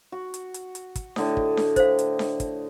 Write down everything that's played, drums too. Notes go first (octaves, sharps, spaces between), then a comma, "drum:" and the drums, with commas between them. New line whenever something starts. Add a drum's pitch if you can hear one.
F#4
drum: hi-hat
drum: hi-hat
drum: hi-hat
drum: kick, hi-hat
A2 D3 D#5, drum: snare D4
drum: kick
drum: snare D4
C5 F5, drum: kick, hi-hat
drum: hi-hat
drum: snare D4
drum: kick, hi-hat